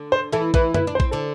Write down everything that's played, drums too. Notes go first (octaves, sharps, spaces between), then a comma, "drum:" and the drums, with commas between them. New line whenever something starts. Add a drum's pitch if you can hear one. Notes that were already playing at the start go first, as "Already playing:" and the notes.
Already playing: D3 D4
C5
E3 E4 A4
E3 E4 B4, drum: kick A#1
E4 B4, drum: tom F#2
D4
C5
C4, drum: kick A#1
D3 D4 A4